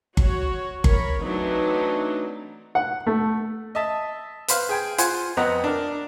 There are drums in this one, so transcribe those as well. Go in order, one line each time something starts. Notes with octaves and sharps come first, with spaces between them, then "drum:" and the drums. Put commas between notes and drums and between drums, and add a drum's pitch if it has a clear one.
F#4 C#5, drum: kick G1
A#4 C#5 B5, drum: kick G1
E3 F#3 A3 C4 D4 D#4
F#5
A3
D#5 E5 A5
B4 C5 F5, drum: hi-hat
G#4 G5 G#5
F4 C5 F#5 G#5, drum: hi-hat
F2 B3 C4 D#5 F#5 A#5
D4 A#4